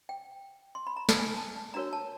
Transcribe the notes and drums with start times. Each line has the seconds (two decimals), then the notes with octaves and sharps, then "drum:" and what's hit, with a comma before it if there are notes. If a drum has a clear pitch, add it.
0.09 G5
0.75 C6
0.87 B5
0.96 A#5
1.09 A5, drum: snare
1.19 G#5
1.37 A5
1.56 A5
1.74 D4 F#4 A#4 C#5 A#5
1.93 A5